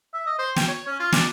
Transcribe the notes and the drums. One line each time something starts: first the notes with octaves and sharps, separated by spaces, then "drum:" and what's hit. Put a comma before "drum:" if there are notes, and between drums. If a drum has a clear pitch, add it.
E5
D#5
C5
G5, drum: snare
C#5
C#4
F4
D4, drum: snare